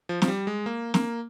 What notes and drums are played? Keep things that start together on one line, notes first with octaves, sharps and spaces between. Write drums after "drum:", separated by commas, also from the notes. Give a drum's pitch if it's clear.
F3
F3, drum: snare
G3
G#3
A#3
A#3, drum: snare